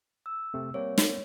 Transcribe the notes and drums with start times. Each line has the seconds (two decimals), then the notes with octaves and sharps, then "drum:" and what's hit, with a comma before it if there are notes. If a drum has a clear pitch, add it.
0.26 E6
0.54 C3 A3 C4
0.74 G3 A#3 C4 C#5
0.98 drum: snare